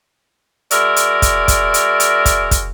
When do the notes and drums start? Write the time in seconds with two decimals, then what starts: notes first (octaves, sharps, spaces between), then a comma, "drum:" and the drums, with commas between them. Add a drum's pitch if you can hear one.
0.71 G#3 F#4 A#4 D5 E5, drum: hi-hat
0.96 drum: hi-hat
1.22 drum: kick, hi-hat
1.48 drum: kick, hi-hat
1.74 drum: hi-hat
2.00 drum: hi-hat
2.26 drum: kick, hi-hat
2.51 drum: kick, hi-hat